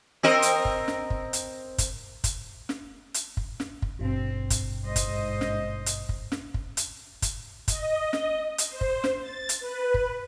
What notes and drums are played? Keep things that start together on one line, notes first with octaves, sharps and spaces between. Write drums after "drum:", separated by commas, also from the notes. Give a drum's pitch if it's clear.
C4 A#4 D#5
drum: hi-hat
drum: kick
drum: snare
drum: kick
drum: hi-hat
drum: kick, hi-hat
drum: kick, hi-hat
drum: snare
drum: hi-hat
drum: kick
drum: snare
drum: kick
G#1 G2 B2 C4
drum: kick, hi-hat
G#2 C5 D#5
drum: kick, hi-hat
drum: snare
drum: hi-hat
drum: kick
drum: snare
drum: kick
drum: hi-hat
drum: kick, hi-hat
D#5, drum: kick, hi-hat
drum: snare
drum: hi-hat
C5
drum: kick
drum: snare
A6
drum: hi-hat
B4
drum: kick